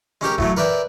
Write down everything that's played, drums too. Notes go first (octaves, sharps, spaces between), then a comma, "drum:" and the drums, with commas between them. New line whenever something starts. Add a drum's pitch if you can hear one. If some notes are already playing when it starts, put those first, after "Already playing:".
G#3 C#4 G4 A#4
A2 F#3 A3, drum: kick D#1
A#4 B4 D5 E5 G5